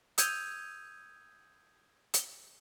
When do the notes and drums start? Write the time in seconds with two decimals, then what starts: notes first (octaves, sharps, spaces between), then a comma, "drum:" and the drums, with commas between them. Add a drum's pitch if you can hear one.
0.18 D#6 E6 G6 G#6 D#7 F7, drum: hi-hat
2.14 drum: hi-hat